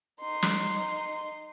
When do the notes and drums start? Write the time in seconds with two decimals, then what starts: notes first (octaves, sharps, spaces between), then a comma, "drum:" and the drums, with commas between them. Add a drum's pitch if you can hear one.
0.20 D#4 C6
0.42 drum: snare